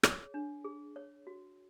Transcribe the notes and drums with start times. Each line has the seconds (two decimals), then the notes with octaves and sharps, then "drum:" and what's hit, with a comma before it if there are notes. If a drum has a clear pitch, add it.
0.03 G#4 C#5, drum: rim click
0.34 D4
0.65 G#4
0.96 C#5
1.27 F#4